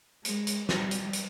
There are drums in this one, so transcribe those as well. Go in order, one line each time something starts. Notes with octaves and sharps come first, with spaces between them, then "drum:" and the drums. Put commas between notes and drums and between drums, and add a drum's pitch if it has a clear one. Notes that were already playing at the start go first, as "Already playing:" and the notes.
G#3, drum: hi-hat
drum: hi-hat
G3, drum: snare
drum: hi-hat
drum: hi-hat